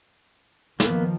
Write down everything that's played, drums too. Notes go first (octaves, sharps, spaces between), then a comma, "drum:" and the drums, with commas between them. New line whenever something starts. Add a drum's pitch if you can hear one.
D#3 F3 A#3 B3, drum: snare